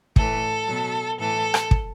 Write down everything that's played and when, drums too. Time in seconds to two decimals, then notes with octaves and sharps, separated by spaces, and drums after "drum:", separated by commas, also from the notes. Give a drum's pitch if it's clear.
0.16 A2 E3 A4, drum: kick
0.67 B2 F#3
1.19 A2 E3 A4
1.54 drum: rim click
1.71 drum: kick